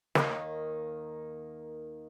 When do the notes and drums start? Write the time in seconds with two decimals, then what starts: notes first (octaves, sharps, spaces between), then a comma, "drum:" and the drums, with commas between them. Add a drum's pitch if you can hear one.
0.15 D#2 D#3 A#3 D#4, drum: snare